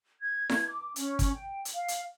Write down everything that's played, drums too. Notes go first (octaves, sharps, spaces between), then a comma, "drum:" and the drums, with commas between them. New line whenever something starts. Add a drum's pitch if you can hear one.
G#6
drum: snare E4
D6
C#4, drum: hi-hat
drum: kick, hi-hat
G5
drum: hi-hat
F5
drum: hi-hat